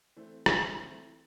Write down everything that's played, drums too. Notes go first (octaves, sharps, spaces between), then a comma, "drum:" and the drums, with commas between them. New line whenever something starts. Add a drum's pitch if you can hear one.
E3 A3 C4
E3 A3 C4, drum: rim click
E3 A3 C4